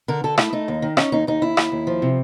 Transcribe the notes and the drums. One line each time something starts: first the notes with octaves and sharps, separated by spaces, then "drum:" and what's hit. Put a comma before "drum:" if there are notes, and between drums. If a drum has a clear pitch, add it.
D3 A#4
D3 A4
A3 E4, drum: rim click
A3 D#4
D#2
D#3
C#4 D#4, drum: rim click
D#2 D#4
D#2 D#4
D#2 E4
D#2, drum: rim click
D#2
F3
C3